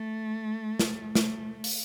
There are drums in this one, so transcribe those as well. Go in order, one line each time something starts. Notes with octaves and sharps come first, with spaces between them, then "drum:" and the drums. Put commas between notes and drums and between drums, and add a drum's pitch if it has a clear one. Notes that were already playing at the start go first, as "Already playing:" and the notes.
Already playing: A3
drum: snare
A3, drum: snare
drum: open hi-hat